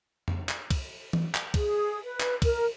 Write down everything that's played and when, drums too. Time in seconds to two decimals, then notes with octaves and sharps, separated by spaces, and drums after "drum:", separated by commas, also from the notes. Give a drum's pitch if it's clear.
0.28 drum: tom F2
0.49 drum: clap
0.71 drum: kick, cymbal
1.13 drum: tom E3
1.35 drum: clap
1.54 G#4, drum: kick, cymbal
2.04 B4
2.20 drum: clap
2.42 A#4, drum: kick, cymbal